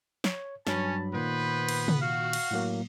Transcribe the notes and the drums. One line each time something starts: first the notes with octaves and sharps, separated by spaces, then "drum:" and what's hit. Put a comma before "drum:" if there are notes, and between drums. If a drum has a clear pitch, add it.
C#5, drum: snare
G2 F#3 C#4 A5 B5, drum: snare
A#2 D#3 B3 B4 C5
drum: cymbal
drum: tom
F#4 F5
drum: cymbal
A2 F#3 A#3